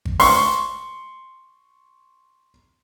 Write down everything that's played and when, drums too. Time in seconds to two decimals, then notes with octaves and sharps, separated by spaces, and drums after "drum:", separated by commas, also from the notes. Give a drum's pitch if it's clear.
0.05 drum: kick G#1
0.20 C6 C#6, drum: open hi-hat